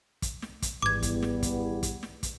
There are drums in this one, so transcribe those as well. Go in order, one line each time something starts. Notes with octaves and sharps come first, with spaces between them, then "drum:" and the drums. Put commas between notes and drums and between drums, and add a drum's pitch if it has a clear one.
drum: kick, hi-hat
drum: snare
drum: kick, hi-hat
G#1 E2 G#2 G3 B3 D6 G#6
drum: kick, hi-hat
drum: snare
drum: kick, hi-hat
drum: kick, hi-hat
drum: snare
drum: kick, hi-hat